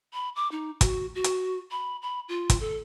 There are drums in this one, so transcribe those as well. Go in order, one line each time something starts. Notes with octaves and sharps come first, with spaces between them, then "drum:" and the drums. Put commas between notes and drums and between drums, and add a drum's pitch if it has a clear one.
B5
D6
D#4
F#4, drum: kick, hi-hat
F#4
drum: hi-hat
B5
B5
F4
drum: kick, hi-hat
A4